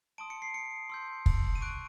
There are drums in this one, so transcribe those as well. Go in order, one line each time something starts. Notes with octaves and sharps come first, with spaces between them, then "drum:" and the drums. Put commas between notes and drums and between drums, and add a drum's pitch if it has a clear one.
A5 C6 D#6 D7
C#7
C7
C#7
C6 E6 G6
drum: kick
D#7
C#6 F#6 D7